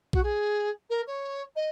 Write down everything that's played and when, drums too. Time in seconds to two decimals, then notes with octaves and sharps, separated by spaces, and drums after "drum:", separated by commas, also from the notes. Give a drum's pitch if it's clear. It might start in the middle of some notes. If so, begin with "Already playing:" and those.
0.13 F#4, drum: kick
0.23 G#4
0.90 A#4
1.06 C#5
1.55 D#5